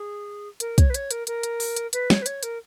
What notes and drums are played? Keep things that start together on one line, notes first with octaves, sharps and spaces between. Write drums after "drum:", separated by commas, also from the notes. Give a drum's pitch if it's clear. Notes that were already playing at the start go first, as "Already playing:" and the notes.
Already playing: G#4
A#4, drum: hi-hat
C#5, drum: kick, hi-hat
B4
C#5, drum: hi-hat
A#4, drum: hi-hat
A#4, drum: hi-hat
drum: hi-hat
drum: open hi-hat
drum: hi-hat
B4, drum: hi-hat
C#5, drum: snare
B4
C#5, drum: hi-hat
A#4, drum: hi-hat